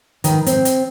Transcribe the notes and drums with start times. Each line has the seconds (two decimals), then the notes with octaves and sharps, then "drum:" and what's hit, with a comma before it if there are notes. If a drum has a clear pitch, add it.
0.24 D#3 B4, drum: hi-hat
0.46 C4, drum: hi-hat
0.65 drum: hi-hat